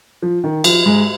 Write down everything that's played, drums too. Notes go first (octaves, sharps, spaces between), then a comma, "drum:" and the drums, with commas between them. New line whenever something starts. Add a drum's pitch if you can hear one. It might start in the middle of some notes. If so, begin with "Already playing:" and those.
F3
D#3
F3, drum: cymbal
G#2 G#3